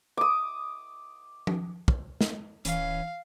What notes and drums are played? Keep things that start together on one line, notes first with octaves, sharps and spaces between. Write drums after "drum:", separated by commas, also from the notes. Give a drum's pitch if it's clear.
D6 D#6
drum: tom F3
drum: kick
drum: snare
D1 E3 C#4 F5, drum: hi-hat